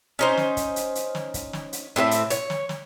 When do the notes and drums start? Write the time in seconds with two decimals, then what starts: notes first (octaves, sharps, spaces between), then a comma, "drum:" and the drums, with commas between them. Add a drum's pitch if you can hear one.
0.19 C#4 D#4 C5
0.37 drum: snare
0.57 drum: kick, hi-hat
0.76 drum: hi-hat
0.95 drum: hi-hat
1.15 drum: snare
1.34 drum: kick, hi-hat
1.53 drum: snare
1.73 drum: hi-hat
1.96 A2 C4 G#4 E5
2.11 drum: hi-hat
2.31 C#5, drum: hi-hat
2.50 drum: snare
2.69 drum: snare